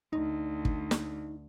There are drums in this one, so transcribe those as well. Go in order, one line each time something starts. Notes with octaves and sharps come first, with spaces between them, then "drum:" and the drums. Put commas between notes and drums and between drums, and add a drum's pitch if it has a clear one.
D2 D#4
drum: kick
drum: snare